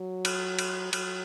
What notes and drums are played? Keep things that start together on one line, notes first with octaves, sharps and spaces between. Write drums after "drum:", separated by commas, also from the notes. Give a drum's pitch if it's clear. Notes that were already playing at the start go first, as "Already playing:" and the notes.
Already playing: F#3
drum: cymbal
drum: cymbal
F#3, drum: cymbal